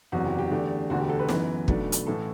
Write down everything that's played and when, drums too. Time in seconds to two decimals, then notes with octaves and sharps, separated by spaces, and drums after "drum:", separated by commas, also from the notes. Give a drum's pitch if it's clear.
0.12 F#1 E2 C3 F#3 F#4
0.25 G4
0.38 G4
0.51 E2 D3 A3 D4
0.90 E1 D2 D3 A3 F#4
1.00 G4
1.09 A4
1.19 B4
1.29 F#2 E3 B3, drum: snare
1.68 B1 B2 A3 D4, drum: kick
1.92 drum: hi-hat
2.07 A1 A2 E3 A3 A4